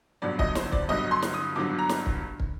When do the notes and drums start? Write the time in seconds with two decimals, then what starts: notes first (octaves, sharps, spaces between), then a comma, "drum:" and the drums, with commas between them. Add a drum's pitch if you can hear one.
0.22 G1 G2 D3 F#3 D5
0.39 D#5, drum: kick
0.55 C5, drum: snare
0.72 D5, drum: kick
0.89 G1 G2 D3 F#3 D#5
1.11 C6
1.22 drum: snare
1.34 D#6
1.56 G1 G2 D3 F#3 D6
1.79 A#5
1.89 drum: snare
2.06 drum: kick
2.40 drum: kick